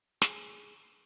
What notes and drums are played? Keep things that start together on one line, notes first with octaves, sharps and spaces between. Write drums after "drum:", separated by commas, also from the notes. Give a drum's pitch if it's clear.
G#4, drum: snare